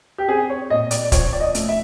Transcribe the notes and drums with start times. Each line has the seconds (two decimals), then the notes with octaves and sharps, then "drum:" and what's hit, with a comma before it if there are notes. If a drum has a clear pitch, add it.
0.18 G4
0.28 C4 G#4
0.50 C#5
0.70 A#2 D#5
0.91 D5, drum: hi-hat
1.12 F3 C#5, drum: kick, hi-hat
1.33 D5
1.41 D#5
1.55 A3, drum: hi-hat
1.68 E5